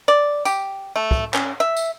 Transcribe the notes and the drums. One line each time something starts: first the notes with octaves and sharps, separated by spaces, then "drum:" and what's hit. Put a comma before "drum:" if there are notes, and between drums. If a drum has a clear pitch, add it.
D5
G4, drum: tambourine
A3
drum: kick
C#4, drum: clap
E5
drum: tambourine